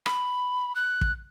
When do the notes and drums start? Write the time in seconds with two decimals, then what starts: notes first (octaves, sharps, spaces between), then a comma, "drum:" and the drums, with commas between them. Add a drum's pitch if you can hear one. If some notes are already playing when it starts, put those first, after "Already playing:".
0.06 B5, drum: rim click
0.76 F#6
1.01 drum: kick